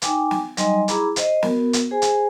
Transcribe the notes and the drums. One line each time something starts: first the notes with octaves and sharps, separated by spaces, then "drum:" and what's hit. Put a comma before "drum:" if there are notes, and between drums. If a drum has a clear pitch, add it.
D#4 G5 G#5 D6, drum: hi-hat
drum: snare
F#3 G3 D#4 D#5 G#5 C6, drum: hi-hat
E4 G#4 A#5 B5 D6, drum: hi-hat
C5 D#5, drum: hi-hat
B3 F#4 A#4, drum: snare
drum: hi-hat
G#4 C5 G#5
drum: hi-hat